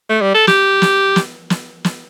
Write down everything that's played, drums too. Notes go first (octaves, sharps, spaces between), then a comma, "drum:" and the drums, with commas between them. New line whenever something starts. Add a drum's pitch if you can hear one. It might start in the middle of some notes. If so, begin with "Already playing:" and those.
A3
G3
A4
G4, drum: snare
drum: snare
drum: snare
drum: snare
drum: snare